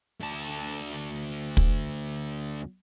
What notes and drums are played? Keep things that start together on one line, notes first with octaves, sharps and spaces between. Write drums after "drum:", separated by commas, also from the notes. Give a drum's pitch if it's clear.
D2 A5
drum: kick